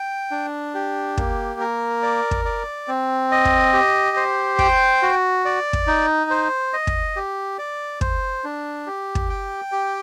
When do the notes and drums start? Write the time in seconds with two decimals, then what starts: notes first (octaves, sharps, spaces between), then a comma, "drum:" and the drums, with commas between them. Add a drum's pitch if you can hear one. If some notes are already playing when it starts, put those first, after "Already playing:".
Already playing: G5
0.31 D4
0.74 G4
1.17 A#3, drum: kick
1.60 A#4
2.03 D5
2.31 drum: kick
2.45 D5
2.88 C4
3.32 D#5
3.45 drum: kick
3.73 G4
4.17 C5
4.59 G5, drum: kick
5.03 F#4
5.45 D5
5.73 drum: kick
5.87 D#4
6.30 C5
6.73 D#5
6.87 drum: kick
7.16 G4
7.58 D5
8.01 C5, drum: kick
8.44 D4
8.87 G4
9.15 drum: kick
9.30 G5
9.72 G4